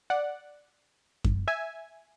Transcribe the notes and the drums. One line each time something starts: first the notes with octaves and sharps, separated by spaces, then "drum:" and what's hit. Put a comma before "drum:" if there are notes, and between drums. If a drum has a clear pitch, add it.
D5 F#5
drum: kick F#2
E5 G#5